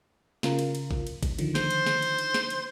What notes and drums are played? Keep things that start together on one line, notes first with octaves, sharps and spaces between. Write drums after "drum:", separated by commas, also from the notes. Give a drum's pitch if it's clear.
C#3 F4 A#4, drum: snare
drum: cymbal
drum: cymbal
drum: kick G#1
drum: cymbal
drum: kick G#1, cymbal
D3 D#3 F3, drum: cymbal
C5, drum: snare
drum: cymbal
drum: snare
drum: cymbal
drum: cymbal
drum: snare
drum: cymbal